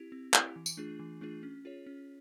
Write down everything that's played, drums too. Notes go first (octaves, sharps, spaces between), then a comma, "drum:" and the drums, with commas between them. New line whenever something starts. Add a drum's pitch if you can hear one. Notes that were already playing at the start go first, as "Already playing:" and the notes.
Already playing: C4 E4 G4
C4
E4 G4, drum: clap
E3
drum: tambourine
A3 D4 F4 G#4
E3
A3 D4 F4 G#4
C#4
F4 G#4 C#5
C#4